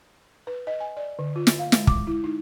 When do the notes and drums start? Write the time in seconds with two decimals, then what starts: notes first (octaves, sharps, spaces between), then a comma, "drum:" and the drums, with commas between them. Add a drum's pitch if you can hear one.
0.47 B4
0.67 D#5
0.80 G#5
0.97 D5
1.19 D3
1.36 F4
1.47 drum: snare
1.59 F5
1.72 G#3, drum: snare
1.87 D6, drum: kick
2.07 E4
2.24 D#4